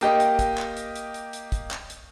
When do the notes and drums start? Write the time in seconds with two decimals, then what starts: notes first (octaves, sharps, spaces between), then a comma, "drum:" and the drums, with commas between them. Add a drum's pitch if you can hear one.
0.01 A#3 G4 D#5, drum: hi-hat
0.20 drum: hi-hat
0.39 drum: kick, hi-hat
0.58 drum: clap
0.77 drum: hi-hat
0.95 drum: hi-hat
1.14 drum: hi-hat
1.33 drum: hi-hat
1.52 drum: kick, hi-hat
1.71 drum: clap
1.90 drum: hi-hat